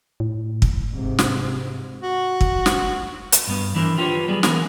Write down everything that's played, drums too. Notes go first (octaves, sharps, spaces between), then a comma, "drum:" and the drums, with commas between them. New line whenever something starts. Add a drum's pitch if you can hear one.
A2
drum: kick
G#2 C3
drum: snare
F#4
drum: kick
drum: snare
drum: hi-hat
G2 B3
E3 D4 E4 A#4 C5
D4 F4 G4 G#4 B4 C#5
F#3 G3 B3 G#4 D5
E3 B3 A#4 G#5, drum: snare